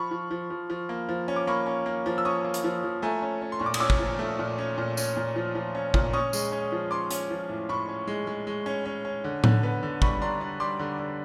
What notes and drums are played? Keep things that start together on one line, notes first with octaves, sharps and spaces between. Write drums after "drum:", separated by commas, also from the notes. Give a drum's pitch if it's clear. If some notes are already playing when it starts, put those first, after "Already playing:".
Already playing: F3 B5 C#6
F3
F3
F3
F3
A#3
F3
C#4
D6
A#3 B5 C#6
C#4
A#3
F3
E6
C#4 C#6 D#6
A#3
drum: hi-hat
F3
F3
A3 G#5 A#5
C#4
C#4
C6
A#2 C#6
D6
D#6, drum: cymbal
C#4 D6 E6
drum: kick
F3
A3
A#2
C#4
A#2
C#4, drum: tambourine
A#2
F3
F3
C#4
A#2, drum: kick
C#4 C#6 D#6
G#3, drum: tambourine
C#4
F3
C#4 C6 D6
C#4, drum: hi-hat
F3
A2
A2 B5 C#6
C#4
G#3
G#3
G#3
C#4
C#4
C#4
D3
D3, drum: tom A2
B3
D3
G3 B5 C#6, drum: kick
D4 A#5 C6
D4
G3 C6 D6
D3
D3